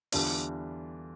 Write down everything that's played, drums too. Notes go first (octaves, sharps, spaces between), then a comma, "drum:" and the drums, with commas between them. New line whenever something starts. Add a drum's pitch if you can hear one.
E2 D3 G3 D4 F4, drum: open hi-hat